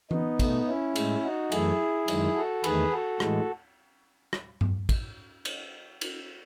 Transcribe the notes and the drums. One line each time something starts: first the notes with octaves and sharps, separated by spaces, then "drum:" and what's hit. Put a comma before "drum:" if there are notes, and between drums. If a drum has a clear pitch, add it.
B3 D#4, drum: tom E3
B2 A3, drum: kick, cymbal
C#4 E4
A2 G#3, drum: cymbal
D#4 F#4
F#2 E3 A3 E4 G#4, drum: cymbal
F#2 D#3 G#3, drum: cymbal
F#4 A4
E2 D#3 A3 G#4 B4, drum: cymbal
F#4 A4
A2 E3 G#3, drum: rim click
drum: rim click
drum: tom G2
drum: kick, cymbal
drum: cymbal
drum: cymbal